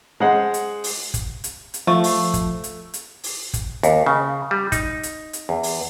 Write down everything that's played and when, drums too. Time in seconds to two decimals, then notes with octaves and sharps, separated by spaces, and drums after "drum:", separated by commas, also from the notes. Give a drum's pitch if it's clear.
0.20 G#3 C5 F#5
0.54 drum: hi-hat
0.84 drum: open hi-hat
1.14 drum: kick, hi-hat
1.44 drum: hi-hat
1.74 drum: hi-hat
1.87 F3 A3
2.04 drum: open hi-hat
2.34 drum: kick, hi-hat
2.64 drum: hi-hat
2.94 drum: hi-hat
3.24 drum: open hi-hat
3.53 drum: kick, hi-hat
3.83 D#2, drum: hi-hat
4.06 C#3
4.51 G3
4.72 D#4, drum: kick, hi-hat
5.03 drum: hi-hat
5.33 drum: hi-hat
5.49 E2
5.63 drum: open hi-hat